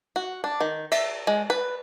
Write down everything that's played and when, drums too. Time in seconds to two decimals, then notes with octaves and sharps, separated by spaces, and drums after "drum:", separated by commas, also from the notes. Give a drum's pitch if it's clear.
0.16 F#4
0.44 D4
0.61 D#3
0.92 E5, drum: cymbal
1.27 G#3
1.50 B4